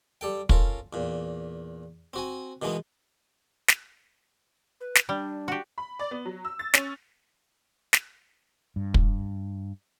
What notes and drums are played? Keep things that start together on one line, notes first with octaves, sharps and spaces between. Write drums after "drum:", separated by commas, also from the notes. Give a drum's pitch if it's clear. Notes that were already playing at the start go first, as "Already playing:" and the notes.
G3 A4 G5
C#4 F4 A4 A#4, drum: kick
E2 A#2
C4 F#4 G#5
B2 D#3 E3 G#3 B3
drum: snare
B4
drum: snare
G3 D4
F#4 G4
B5
D5
B3
F#3
E6
A6
C#4, drum: snare
drum: snare
G2
drum: kick